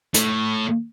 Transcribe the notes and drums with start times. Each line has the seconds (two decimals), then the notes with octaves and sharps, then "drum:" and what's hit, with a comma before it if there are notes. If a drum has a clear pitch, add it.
0.14 A2, drum: hi-hat